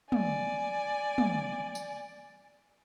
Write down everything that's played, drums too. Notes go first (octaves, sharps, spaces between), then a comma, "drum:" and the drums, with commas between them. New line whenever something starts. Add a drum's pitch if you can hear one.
D5 G#5, drum: tom
drum: tom
drum: tambourine